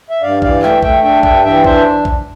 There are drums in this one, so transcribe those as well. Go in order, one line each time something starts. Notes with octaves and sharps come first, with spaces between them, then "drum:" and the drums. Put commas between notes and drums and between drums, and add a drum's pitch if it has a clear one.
E5
G2 D5 F5
E3 D5 F5, drum: kick A#1
A3 E5 G5, drum: clap
A3 E5 G5, drum: kick A#1
D4 E5 G5
G2 E5 G5, drum: kick A#1
E3 E5 G5
D4 C5 E5, drum: kick A#1
drum: kick A#1